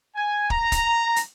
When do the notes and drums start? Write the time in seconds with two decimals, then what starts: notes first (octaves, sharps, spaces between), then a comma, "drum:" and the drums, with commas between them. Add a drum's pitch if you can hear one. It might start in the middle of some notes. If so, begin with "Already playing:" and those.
0.16 G#5
0.50 A#5, drum: kick
0.72 drum: kick, hi-hat
1.16 drum: hi-hat